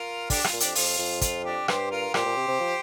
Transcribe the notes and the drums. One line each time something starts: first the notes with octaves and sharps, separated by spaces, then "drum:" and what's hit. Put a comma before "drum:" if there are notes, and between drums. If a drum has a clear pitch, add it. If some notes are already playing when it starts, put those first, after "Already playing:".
Already playing: F4 A#4
D3 D4 G4, drum: kick, open hi-hat
F4, drum: rim click
A#2
F2 D4 G4, drum: hi-hat
F2 F4, drum: open hi-hat
F2
F4, drum: kick, hi-hat
D4 G4
G2 G4 C5, drum: rim click
F4 A#4
A#2 G4 C5, drum: rim click
A#2
C3
C3
F3